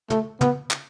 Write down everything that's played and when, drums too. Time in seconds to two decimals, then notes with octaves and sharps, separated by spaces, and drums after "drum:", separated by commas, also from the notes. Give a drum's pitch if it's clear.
0.10 A3, drum: tom
0.41 B3, drum: tom
0.71 drum: clap